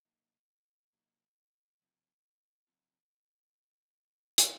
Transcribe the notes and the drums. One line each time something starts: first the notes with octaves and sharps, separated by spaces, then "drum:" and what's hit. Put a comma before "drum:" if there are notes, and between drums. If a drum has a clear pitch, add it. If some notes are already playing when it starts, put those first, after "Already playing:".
C3 F#3 A#3 D#4 F#4
C3 F#3 A#3 D#4 F#4
C#3 F#3 C4 F4
C#3 F#3 C4 F4
drum: hi-hat